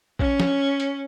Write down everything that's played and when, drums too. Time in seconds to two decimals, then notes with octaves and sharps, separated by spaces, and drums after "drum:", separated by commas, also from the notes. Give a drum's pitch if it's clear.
0.19 C#4, drum: kick
0.40 drum: snare
0.80 drum: hi-hat